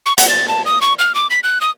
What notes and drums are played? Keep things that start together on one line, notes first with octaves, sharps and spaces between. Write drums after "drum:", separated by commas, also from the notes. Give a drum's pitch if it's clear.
C#6
F#5, drum: hi-hat
A6
A5
D#6
C#6
F6
D6
B6
F#6
D#6